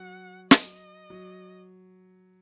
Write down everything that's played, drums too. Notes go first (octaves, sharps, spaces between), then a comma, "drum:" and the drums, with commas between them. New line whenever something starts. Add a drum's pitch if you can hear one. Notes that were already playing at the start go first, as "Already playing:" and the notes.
Already playing: F#3 F#5
D#5, drum: snare
F#3